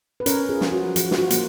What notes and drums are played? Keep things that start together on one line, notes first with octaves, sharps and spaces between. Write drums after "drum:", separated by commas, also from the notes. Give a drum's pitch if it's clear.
B4
C#4 A#4 C#5, drum: hi-hat
F4 G#4
F3, drum: snare
F#4
F3 F#4, drum: hi-hat
F4, drum: snare
F#4
A#3, drum: hi-hat